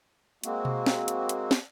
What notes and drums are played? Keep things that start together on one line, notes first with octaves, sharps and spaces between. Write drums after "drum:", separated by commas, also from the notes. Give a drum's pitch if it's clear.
G#3 A#3 C4 F#4, drum: hi-hat
drum: tom B2
drum: snare
drum: hi-hat
drum: hi-hat
drum: snare